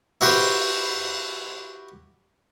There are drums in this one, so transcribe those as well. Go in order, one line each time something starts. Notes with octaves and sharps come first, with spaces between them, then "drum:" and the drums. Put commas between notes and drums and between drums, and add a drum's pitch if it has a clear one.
E4 F#4 G4 B4 C6, drum: cymbal